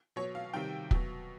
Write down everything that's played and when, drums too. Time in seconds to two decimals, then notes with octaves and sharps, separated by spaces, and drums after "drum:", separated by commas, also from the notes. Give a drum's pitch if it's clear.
0.16 B2 F#3 C#5
0.35 F5
0.54 C3 D#3 G3 G5
0.91 B2 F#3, drum: kick